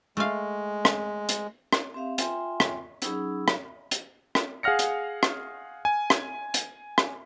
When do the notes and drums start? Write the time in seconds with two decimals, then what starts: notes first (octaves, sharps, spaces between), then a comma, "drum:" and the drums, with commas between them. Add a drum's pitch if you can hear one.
0.17 G#3 A3 F5
0.85 drum: rim click
1.29 drum: hi-hat
1.73 drum: rim click
1.94 C4 G4 E5 F5
2.18 F4 E5 G5 G#5 C6, drum: hi-hat
2.60 drum: rim click
3.02 F#3 C#4 D#4 G#4 B5 E6, drum: hi-hat
3.48 drum: rim click
3.91 drum: hi-hat
4.35 drum: rim click
4.63 G#4 F5 F#5 F6 A#6 C#7
4.79 drum: hi-hat
5.23 drum: rim click
5.85 G#5
6.10 drum: rim click
6.54 drum: hi-hat
6.98 drum: rim click